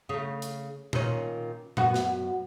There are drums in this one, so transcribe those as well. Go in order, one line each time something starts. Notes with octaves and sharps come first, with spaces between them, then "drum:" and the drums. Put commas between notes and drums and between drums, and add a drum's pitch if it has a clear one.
C#3 A3
drum: hi-hat
A#2 D#3 C#4, drum: tom A#2
F#2 B3 F#4, drum: tom A#2
drum: snare